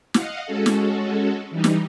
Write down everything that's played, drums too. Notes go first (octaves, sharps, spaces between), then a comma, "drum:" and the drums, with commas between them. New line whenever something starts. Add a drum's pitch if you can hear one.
D#5 F5 F#5, drum: snare
G#3 C#4 F#4 A4
drum: snare
E3 G3 D#4
drum: snare